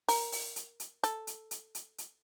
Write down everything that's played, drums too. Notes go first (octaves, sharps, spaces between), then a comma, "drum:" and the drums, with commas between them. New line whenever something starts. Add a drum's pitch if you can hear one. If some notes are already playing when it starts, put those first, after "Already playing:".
A#4, drum: open hi-hat
drum: open hi-hat
drum: hi-hat
drum: hi-hat
A4, drum: hi-hat
drum: hi-hat
drum: hi-hat
drum: hi-hat
drum: hi-hat